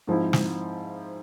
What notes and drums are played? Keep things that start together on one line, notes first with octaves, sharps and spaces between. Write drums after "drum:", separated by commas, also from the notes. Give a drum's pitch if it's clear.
G#2 F3 C4 E4
drum: snare